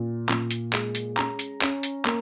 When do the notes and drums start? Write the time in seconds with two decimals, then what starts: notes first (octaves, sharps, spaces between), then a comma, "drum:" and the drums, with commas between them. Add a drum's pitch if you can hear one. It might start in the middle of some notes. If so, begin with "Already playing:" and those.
Already playing: A#2
0.29 A#2, drum: clap
0.51 drum: hi-hat
0.73 G#3, drum: clap
0.95 drum: hi-hat
1.17 C#4 A#5, drum: clap
1.39 drum: hi-hat
1.62 C#4, drum: clap
1.83 drum: hi-hat
2.05 A#3, drum: clap